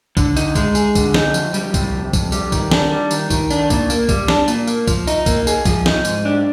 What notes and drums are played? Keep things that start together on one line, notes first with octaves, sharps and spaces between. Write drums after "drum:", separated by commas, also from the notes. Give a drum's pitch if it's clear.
D3, drum: kick B1, tambourine
D#4, drum: tambourine
G#3, drum: kick B1, tambourine
G#4, drum: tambourine
D3, drum: kick B1, tambourine
D#4, drum: snare
F2, drum: tambourine
G3, drum: tambourine
C3, drum: kick B1, tambourine
F2
F2, drum: kick B1, tambourine
G3, drum: tambourine
D#3, drum: kick B1, tambourine
D4, drum: snare
G3
D#3, drum: tambourine
D#3, drum: kick B1, tambourine
D4, drum: tambourine
A#2, drum: kick B1, tambourine
A#3, drum: tambourine
G3, drum: kick B1, tambourine
D4, drum: snare
A#2, drum: tambourine
A#3, drum: tambourine
F3, drum: kick B1, tambourine
D#4, drum: tambourine
A#3, drum: kick B1, tambourine
G#4, drum: tambourine
F3, drum: kick B1, tambourine
D#4, drum: snare
G#2, drum: tambourine
D4